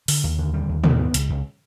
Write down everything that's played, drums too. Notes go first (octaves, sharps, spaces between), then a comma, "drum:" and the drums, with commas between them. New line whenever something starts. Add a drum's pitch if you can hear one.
D3, drum: open hi-hat
D#2
D3
G3
D#2
B3, drum: tom
B3
C#2, drum: hi-hat
C#2